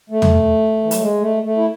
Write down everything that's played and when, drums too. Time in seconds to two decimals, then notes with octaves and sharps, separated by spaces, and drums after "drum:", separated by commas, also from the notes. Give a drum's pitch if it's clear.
0.10 A3
0.22 drum: tom
0.84 E3
0.91 F#3, drum: hi-hat
0.99 G#3
1.21 A3
1.43 A3
1.57 E4